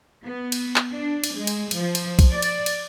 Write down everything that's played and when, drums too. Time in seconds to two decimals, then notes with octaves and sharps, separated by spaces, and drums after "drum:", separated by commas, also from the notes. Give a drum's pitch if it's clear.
0.25 B3
0.52 drum: cymbal
0.76 drum: clap
0.93 D4
1.24 drum: cymbal
1.34 G#3
1.47 drum: cymbal
1.71 F3, drum: cymbal
1.95 drum: cymbal
2.19 drum: kick, cymbal
2.33 D5
2.42 drum: cymbal
2.66 drum: cymbal